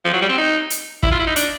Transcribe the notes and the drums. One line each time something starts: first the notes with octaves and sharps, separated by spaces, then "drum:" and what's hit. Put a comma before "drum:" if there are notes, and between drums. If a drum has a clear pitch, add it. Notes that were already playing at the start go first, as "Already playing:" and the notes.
F3
F#3
G3
C4
D#4
drum: hi-hat
E4, drum: kick
F4
E4
D#4
D4, drum: hi-hat